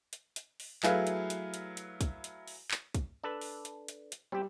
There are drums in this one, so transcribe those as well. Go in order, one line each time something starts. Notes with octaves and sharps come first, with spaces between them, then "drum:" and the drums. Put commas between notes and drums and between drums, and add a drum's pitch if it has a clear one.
drum: hi-hat
drum: hi-hat
drum: open hi-hat
F#3 A3 E4 G#4 B4 F5, drum: clap
drum: hi-hat
drum: hi-hat
drum: hi-hat
drum: hi-hat
drum: kick, hi-hat
drum: hi-hat
drum: open hi-hat
drum: clap
drum: kick, hi-hat
D4 A4 B4
drum: open hi-hat
drum: hi-hat
drum: hi-hat
drum: hi-hat
G3 C4 G4